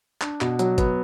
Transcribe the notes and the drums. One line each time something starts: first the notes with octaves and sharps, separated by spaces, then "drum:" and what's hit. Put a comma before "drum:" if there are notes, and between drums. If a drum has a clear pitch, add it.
D4, drum: clap
B2, drum: clap
F#3, drum: hi-hat
B3, drum: kick, hi-hat